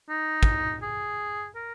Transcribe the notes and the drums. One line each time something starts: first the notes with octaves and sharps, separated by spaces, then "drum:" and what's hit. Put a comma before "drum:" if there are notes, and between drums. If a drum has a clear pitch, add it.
D#4
drum: kick
G#4
A#4